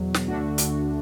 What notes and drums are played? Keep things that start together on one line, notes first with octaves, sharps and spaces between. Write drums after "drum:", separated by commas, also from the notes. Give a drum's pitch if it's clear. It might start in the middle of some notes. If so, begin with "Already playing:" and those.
Already playing: E2 B2 F#3
drum: snare
D2 D3 A3 D4 F#4
drum: hi-hat